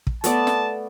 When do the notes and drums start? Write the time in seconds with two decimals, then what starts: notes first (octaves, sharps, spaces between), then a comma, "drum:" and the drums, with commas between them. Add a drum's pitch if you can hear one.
0.07 drum: kick
0.24 A3 B3 D5 A5, drum: hi-hat
0.47 drum: snare